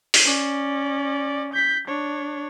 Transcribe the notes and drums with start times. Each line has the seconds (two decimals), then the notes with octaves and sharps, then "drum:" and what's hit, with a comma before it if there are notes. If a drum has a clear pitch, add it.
0.14 drum: open hi-hat
0.24 C#4 D5
1.54 G6 B6
1.88 D4 C#5